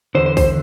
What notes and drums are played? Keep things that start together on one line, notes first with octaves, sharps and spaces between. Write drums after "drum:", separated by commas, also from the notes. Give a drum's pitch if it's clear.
E2 D3 C5
C5
C5, drum: kick A#1, open hi-hat